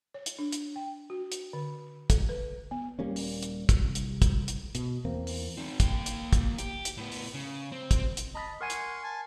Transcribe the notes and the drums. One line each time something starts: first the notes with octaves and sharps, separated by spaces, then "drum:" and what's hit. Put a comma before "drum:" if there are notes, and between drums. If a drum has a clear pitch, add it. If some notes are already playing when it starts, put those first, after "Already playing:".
C#5
drum: hi-hat
D4
drum: hi-hat
G5
F#4
drum: hi-hat
D3
A4, drum: kick, hi-hat
B4
B3
D#1 G3 A#3 C#4
drum: open hi-hat
drum: hi-hat
drum: kick, hi-hat
C2
drum: hi-hat
drum: kick, hi-hat
drum: hi-hat
B2, drum: hi-hat
E2 A#3 C4
drum: open hi-hat
C4 D#4
A#3 G5, drum: kick, hi-hat
drum: hi-hat
drum: kick, hi-hat
G4, drum: hi-hat
drum: hi-hat
A2 B3
drum: open hi-hat
C#3
C4
drum: kick, hi-hat
drum: hi-hat
D#5 A5 B5
A#4 F#5 G#5 C6 C#6
drum: hi-hat
G#5 A5